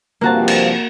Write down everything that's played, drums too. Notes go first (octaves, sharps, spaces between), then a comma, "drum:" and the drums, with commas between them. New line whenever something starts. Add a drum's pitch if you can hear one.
G2 C3 F3 A#3 F#4 A5
drum: cymbal